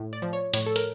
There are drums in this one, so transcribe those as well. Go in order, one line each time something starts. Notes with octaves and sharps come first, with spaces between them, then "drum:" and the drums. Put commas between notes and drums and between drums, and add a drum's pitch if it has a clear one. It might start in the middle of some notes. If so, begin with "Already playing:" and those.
Already playing: A2
D5
F3
C#5
A2 C#5, drum: hi-hat
A4
A#4, drum: hi-hat